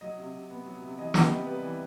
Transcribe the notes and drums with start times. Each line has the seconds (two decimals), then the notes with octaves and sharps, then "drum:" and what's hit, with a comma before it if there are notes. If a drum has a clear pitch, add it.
0.01 F#3 D#5
0.18 C3
0.34 C3
0.50 B3
0.66 F#3
0.82 C3
0.98 E3 D#5
1.14 B3 G4, drum: snare
1.31 C3 D#5
1.47 G3 B4
1.63 E3